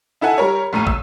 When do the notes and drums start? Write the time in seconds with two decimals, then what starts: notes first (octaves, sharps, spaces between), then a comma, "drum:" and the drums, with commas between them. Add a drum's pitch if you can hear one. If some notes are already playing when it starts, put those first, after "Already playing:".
0.21 D#4 E4 A4 F#5 G#5
0.38 G3 A#4 C#5
0.73 A#1 A2 A#5 D#7
0.87 E6, drum: kick